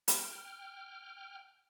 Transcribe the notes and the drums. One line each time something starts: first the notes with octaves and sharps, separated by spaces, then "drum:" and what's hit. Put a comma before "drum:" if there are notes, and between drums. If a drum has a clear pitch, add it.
G5 F6, drum: hi-hat